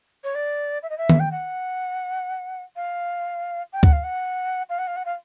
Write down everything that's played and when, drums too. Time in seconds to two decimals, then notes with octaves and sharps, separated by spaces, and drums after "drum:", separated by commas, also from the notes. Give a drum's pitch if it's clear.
0.24 C#5
0.34 D5
0.82 E5
0.89 D#5
0.97 E5
1.09 drum: tom D#3
1.19 G5
1.31 F#5
2.76 F5
3.72 G5
3.83 F#5, drum: kick D2
3.92 F5
4.03 F#5
4.69 F5
4.78 F#5
4.87 F5
4.96 F#5
5.05 F5